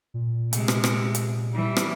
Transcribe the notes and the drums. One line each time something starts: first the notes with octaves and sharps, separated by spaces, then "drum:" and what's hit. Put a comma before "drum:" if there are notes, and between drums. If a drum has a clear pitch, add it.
A#2
C3 G#3, drum: hi-hat
drum: rim click
drum: rim click
drum: hi-hat
E3 G3
drum: rim click